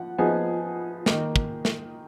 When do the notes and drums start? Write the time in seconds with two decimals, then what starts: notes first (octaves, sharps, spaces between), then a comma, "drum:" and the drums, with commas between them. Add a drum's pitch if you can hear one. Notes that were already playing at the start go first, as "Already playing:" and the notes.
Already playing: F3 F#5
0.18 F3 B3 D#4 G#4 G#5
1.06 D#3 A#3 D#4, drum: snare
1.36 drum: kick
1.65 drum: snare